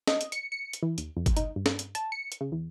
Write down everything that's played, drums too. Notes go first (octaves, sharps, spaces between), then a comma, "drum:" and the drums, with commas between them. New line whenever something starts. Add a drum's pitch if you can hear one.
D#5, drum: snare
drum: hi-hat
C#7, drum: hi-hat
C#7
drum: hi-hat
E3
D#2, drum: hi-hat
F2
drum: kick G1, hi-hat
D#4, drum: hi-hat
G2
drum: snare
drum: hi-hat
A5, drum: hi-hat
C#7
drum: hi-hat
C#3
E2